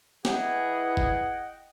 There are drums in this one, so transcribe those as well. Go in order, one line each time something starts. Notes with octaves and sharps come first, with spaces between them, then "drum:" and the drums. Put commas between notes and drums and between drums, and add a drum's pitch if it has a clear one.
E3 E4 G#4 D#5 F#5 G5, drum: snare
drum: kick F#1